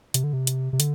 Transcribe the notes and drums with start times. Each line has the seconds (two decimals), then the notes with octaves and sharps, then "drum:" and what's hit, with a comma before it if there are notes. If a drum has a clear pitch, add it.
0.14 C3, drum: hi-hat
0.24 D3
0.33 C3
0.47 drum: hi-hat
0.73 C3
0.80 D3, drum: hi-hat